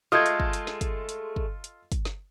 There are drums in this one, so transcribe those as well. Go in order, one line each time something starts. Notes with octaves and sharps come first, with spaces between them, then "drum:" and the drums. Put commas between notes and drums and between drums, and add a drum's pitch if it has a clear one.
G#3 A3 F4 A4 D#5 D#6 G6 G#6
drum: hi-hat
drum: kick
drum: hi-hat
drum: snare
drum: kick, hi-hat
drum: hi-hat
drum: kick
drum: hi-hat
drum: kick, hi-hat
drum: snare